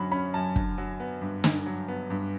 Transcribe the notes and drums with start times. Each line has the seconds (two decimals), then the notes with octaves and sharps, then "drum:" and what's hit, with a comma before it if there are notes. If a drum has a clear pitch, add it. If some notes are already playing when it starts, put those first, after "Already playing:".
Already playing: F#2 D3 F#3 C#4 B5
0.12 C#4 B5
0.34 F#2 A5
0.56 D3, drum: kick
0.78 F#3
1.00 B3
1.21 G2
1.44 D3, drum: snare
1.66 F#3
1.88 B3
2.10 G2